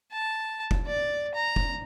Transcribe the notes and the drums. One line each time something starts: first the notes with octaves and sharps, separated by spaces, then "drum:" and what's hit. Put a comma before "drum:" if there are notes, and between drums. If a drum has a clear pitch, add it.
A5
drum: kick F1
D5
A#5
drum: kick F1